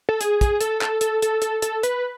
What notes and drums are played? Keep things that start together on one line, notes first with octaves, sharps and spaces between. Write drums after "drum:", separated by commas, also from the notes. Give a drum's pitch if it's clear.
A4
G#4, drum: hi-hat
G#4, drum: kick, hi-hat
A4, drum: hi-hat
A4, drum: clap
A4, drum: hi-hat
A4, drum: hi-hat
A4, drum: hi-hat
A4, drum: hi-hat
B4, drum: hi-hat